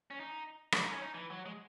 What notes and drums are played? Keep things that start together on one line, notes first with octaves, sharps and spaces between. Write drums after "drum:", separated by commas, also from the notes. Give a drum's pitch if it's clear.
C#4
D#4
drum: rim click
D#4
C#4
D#4
E3
F#3
G#3